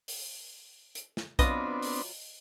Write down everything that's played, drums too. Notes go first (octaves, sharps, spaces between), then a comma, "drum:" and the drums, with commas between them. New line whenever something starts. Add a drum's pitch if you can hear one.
drum: open hi-hat
drum: hi-hat
drum: snare
F#3 B3 C4 D4 F4 B4 D#5, drum: kick B1, hi-hat
drum: open hi-hat